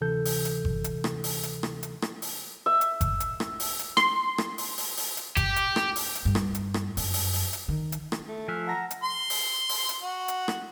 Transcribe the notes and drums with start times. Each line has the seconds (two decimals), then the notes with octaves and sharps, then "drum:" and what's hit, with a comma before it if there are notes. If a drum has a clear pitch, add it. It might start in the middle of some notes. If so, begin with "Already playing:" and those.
0.01 D2 C3 E3 A4 G6
0.25 drum: open hi-hat
0.45 drum: hi-hat
0.65 drum: kick G1
0.84 drum: hi-hat
1.04 drum: rim click
1.24 drum: open hi-hat
1.43 drum: hi-hat
1.63 drum: rim click
1.83 drum: hi-hat
2.02 drum: rim click
2.22 drum: open hi-hat
2.66 E5
2.81 drum: hi-hat
3.01 drum: kick G1, hi-hat
3.20 drum: hi-hat
3.40 drum: rim click
3.60 drum: open hi-hat
3.79 drum: hi-hat
3.97 C6, drum: rim click
4.38 drum: rim click
4.58 drum: open hi-hat
4.78 drum: open hi-hat
4.97 drum: open hi-hat
5.17 drum: hi-hat
5.37 G4, drum: kick G1, hi-hat
5.56 drum: hi-hat
5.76 drum: rim click
5.96 drum: open hi-hat
6.15 drum: hi-hat
6.25 G2
6.35 drum: rim click
6.55 drum: hi-hat
6.74 drum: rim click
6.97 F#2, drum: open hi-hat
7.14 drum: open hi-hat
7.33 drum: open hi-hat
7.53 drum: hi-hat
7.68 D#3
7.92 drum: hi-hat
8.12 drum: rim click
8.28 A3
8.48 F3 E5 G#5 F6 F#6
8.67 F#5 A5 A#5 A#6
8.91 drum: hi-hat
9.04 C6
9.30 drum: open hi-hat
9.69 drum: open hi-hat
9.89 drum: hi-hat
10.02 F#4
10.28 drum: hi-hat
10.48 drum: rim click